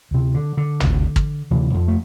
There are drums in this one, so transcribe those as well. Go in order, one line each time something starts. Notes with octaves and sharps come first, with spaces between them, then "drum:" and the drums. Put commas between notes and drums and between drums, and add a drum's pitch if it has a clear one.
D2 C3
D3
D3
D2 C3, drum: tom
drum: kick
D2 C3 E3
F2 F3
A3